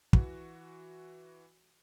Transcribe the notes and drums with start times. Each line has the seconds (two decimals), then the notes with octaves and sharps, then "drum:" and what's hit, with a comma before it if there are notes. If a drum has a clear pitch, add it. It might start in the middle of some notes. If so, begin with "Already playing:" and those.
0.13 E3 F#4, drum: kick